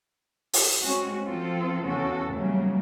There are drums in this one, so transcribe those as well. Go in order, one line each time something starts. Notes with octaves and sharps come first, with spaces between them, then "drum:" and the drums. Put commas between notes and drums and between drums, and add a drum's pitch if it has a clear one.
drum: open hi-hat
G#3 C4 C#4 F#4
F3 C4 F4 A4
E2 C#3 F#4 A4
E2 C#3 F#3 G3 A3 A#3